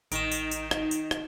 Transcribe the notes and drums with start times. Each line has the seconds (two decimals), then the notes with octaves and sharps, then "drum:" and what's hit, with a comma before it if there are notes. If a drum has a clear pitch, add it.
0.12 A1 D#3 D#4 D7 E7, drum: tambourine
0.32 drum: tambourine
0.51 drum: tambourine
0.71 drum: rim click
0.91 drum: tambourine
1.11 drum: rim click